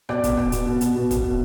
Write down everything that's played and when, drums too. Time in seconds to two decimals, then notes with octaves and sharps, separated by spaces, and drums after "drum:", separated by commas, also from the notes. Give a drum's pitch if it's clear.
0.09 B2 D5, drum: rim click
0.24 B2, drum: kick, hi-hat
0.37 B2, drum: rim click
0.52 B2, drum: hi-hat
0.66 B2
0.81 B2, drum: hi-hat
0.95 B2
1.11 B2, drum: kick, hi-hat
1.24 B2